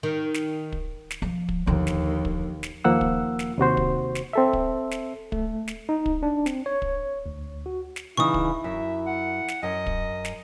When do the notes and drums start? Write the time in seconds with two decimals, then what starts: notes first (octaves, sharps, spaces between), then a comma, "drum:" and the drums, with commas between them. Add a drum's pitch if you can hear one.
0.03 D#3
0.34 drum: snare
0.72 drum: kick
1.11 drum: snare
1.22 F3
1.49 drum: kick
1.67 D#2 D3 F3
1.87 drum: snare
2.25 drum: kick
2.63 drum: snare
2.84 D#2 F3 A#3 F#5 E6
3.01 drum: kick
3.39 drum: snare
3.58 D#2 C3 F#4 C5
3.77 drum: kick
4.15 drum: snare
4.33 C4 A4 E5
4.53 drum: kick
4.91 drum: snare
5.32 A3, drum: kick
5.68 drum: snare
5.89 D#4
6.06 drum: kick
6.23 D4
6.46 C4, drum: snare
6.66 C#5
6.82 drum: kick
7.26 D2
7.66 F#4
7.96 drum: snare
8.17 C#3 E3 D#4 E4 C#6 D#6
8.34 drum: kick
8.64 F#2 E5
9.07 F#5
9.48 drum: snare
9.63 F#2 D#5
9.86 drum: kick
10.25 drum: snare